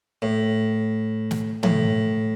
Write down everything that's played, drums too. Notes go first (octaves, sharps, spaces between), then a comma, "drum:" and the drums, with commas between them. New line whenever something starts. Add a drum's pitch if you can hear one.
A2
drum: snare
A2, drum: tom